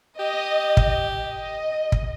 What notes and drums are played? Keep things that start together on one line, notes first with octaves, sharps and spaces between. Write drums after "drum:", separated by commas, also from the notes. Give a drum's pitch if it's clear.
G4 D#5
drum: kick
D#5
drum: kick